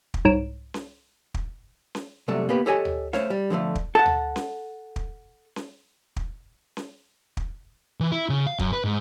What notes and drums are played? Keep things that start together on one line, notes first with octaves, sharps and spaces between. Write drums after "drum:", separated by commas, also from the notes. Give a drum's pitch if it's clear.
drum: kick
C2 G#2 C#5 A#5 D7 E7
drum: snare C#4
drum: kick
drum: snare C#4
C3 F#3 G3 A3
A#3 B3 G4 B4
G4 A4 C#5 D#5 G#5
drum: tom
A3 C5 C#5 F5, drum: snare C#4
G3
D3 F3 F#3 A3
drum: kick
A4 F#5 A5
drum: tom
drum: snare C#4
drum: kick
drum: snare C#4
drum: kick
drum: snare C#4
drum: kick
E3
E4
C#3
F5
F#2, drum: kick
B4
G#2